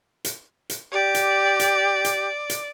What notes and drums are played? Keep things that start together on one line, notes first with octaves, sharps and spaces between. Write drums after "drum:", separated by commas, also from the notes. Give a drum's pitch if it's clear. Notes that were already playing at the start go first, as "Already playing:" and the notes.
drum: hi-hat
drum: hi-hat
G4 D5
drum: hi-hat
drum: hi-hat
drum: hi-hat
drum: hi-hat